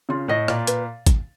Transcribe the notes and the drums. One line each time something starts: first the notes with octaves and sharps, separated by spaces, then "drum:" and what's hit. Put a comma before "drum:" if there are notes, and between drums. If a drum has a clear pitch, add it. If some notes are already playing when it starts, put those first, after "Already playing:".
C#3 F4
A2 D#5
A#2 D5, drum: rim click
B4, drum: hi-hat
drum: kick G#1, hi-hat